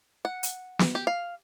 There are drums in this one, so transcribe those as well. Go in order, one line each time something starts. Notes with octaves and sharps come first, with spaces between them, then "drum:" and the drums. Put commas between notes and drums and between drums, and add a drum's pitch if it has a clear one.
F#5
drum: hi-hat
drum: snare
G4
F5